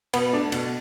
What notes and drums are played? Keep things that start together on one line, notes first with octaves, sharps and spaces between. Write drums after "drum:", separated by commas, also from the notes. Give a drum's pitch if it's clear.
B2 B3, drum: cymbal
A3 D4 A4 D5
B2, drum: cymbal